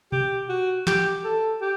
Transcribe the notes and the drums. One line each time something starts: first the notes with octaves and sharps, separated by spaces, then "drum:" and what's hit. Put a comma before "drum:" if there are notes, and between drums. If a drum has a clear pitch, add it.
G4, drum: tom B2
F#4
G4, drum: snare
A4
G4